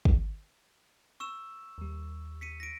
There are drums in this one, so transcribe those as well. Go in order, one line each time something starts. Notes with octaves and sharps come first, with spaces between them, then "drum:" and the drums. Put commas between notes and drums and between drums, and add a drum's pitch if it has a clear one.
drum: kick
C#6 E6 E7
D#2 G3
B6 C#7 D#7
A#6 D7